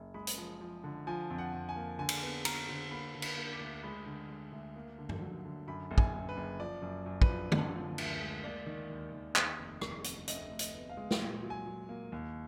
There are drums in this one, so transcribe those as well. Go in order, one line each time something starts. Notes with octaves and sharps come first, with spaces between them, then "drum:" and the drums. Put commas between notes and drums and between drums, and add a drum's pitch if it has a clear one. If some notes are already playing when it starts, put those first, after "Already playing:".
Already playing: F#1
G#3 B5
drum: hi-hat
F3
F3
D3
F3 G#5
F2
F#5
F2
G#5
A#3
D3 G#5
drum: cymbal
B3
B3 A#5, drum: cymbal
D3
A#3 B5
D3
B5, drum: cymbal
A#3
D6
D2
G#3 B5
D3
G#3
D2
A#3
D3
drum: tom G2
F#3
D3
F#2 B5
F#1
G#5, drum: kick
F#1
B4
F#1
F3 D5
F#2
F#2
B4, drum: kick
F3
D3, drum: tom D3
F3
D2, drum: cymbal
G#3
A#3 D5
D#3
D#2
D#3
D#2, drum: clap
F1
F1, drum: rim click
F1, drum: hi-hat
D2 D#5, drum: hi-hat
D2
D#5, drum: hi-hat
B3
F5
G#3
drum: snare
A#2
F#3
G#5
F#3
A#3
D#2